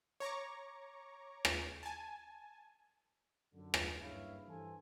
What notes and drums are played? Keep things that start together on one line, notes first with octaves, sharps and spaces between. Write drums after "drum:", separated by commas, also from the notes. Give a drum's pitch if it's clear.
C#5 A#5 C#6 D6
drum: rim click
G#5 A5
F#2 D3
drum: rim click
F#1 G2 E4 C#5 F5
G2 E3 A4 C5 G#5